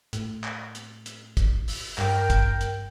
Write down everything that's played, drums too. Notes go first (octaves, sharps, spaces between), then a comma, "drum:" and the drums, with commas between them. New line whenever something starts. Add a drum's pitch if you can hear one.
A2, drum: hi-hat
drum: clap
drum: hi-hat
drum: hi-hat
drum: kick, hi-hat
drum: open hi-hat
G2 A#4 G5, drum: clap
drum: kick, hi-hat
drum: hi-hat